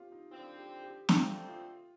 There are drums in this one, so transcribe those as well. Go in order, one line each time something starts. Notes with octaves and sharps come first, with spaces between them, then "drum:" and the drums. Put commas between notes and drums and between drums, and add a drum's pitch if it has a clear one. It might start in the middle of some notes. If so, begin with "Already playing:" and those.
Already playing: C4 F4 G4
D#4
D3 F3 C4 F4
G4
G4
F2 D3 F3 A3 C4 F4, drum: snare
F4